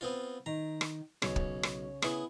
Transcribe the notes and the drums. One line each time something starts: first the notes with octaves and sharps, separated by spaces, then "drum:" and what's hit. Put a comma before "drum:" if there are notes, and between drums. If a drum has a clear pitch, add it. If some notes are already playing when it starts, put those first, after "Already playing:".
B3 C4 F4
D#3 A#5
drum: rim click
B1 C#3 C#5, drum: rim click
drum: kick
drum: rim click
B3 E4 G#4, drum: rim click